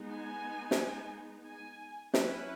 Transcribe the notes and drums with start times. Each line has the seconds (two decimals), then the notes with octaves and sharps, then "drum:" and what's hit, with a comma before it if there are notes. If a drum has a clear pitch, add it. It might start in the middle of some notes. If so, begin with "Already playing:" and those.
Already playing: G#3 B3 D#4
0.08 G#5
0.71 drum: snare
1.46 G#5
2.14 F#3 C#4 E4 B4, drum: snare